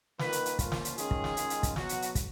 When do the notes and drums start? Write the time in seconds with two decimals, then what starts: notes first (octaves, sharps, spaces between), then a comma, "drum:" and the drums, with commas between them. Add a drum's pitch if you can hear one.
0.19 D#3 A#3 F4 B4, drum: snare
0.32 drum: hi-hat
0.46 drum: hi-hat
0.59 A#2 F3 A#3 C#4 F4, drum: kick, hi-hat
0.72 drum: snare
0.85 drum: hi-hat
0.98 D#3 G#3 C#4 F4 G#4, drum: hi-hat
1.11 drum: kick
1.24 drum: snare
1.37 D#3 G#3 C#4 F4, drum: hi-hat
1.50 drum: hi-hat
1.63 drum: kick, hi-hat
1.76 B2 F#3 B3 F#4, drum: snare
1.89 drum: hi-hat
2.02 drum: hi-hat
2.15 drum: kick, hi-hat